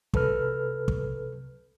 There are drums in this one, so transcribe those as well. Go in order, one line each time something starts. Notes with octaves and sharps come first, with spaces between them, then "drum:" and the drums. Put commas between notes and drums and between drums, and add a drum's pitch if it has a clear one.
C3 A4 B4 F6, drum: kick
drum: kick